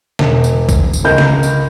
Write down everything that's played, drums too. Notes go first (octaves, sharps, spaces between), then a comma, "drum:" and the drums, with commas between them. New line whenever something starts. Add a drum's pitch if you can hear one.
E1, drum: snare
drum: tambourine
drum: kick A#1, tambourine
drum: tambourine
C#2 A#4 G6
drum: snare
drum: tambourine